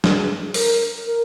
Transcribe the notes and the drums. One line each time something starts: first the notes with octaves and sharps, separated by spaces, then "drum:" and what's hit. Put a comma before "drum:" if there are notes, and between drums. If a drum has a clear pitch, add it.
G#4, drum: snare
A#4, drum: open hi-hat
A#4